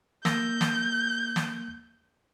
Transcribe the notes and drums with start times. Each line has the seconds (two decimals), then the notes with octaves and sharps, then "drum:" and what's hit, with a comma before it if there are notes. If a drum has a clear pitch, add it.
0.25 A#3 E6 G6 A#6, drum: snare
0.61 drum: snare
1.36 drum: snare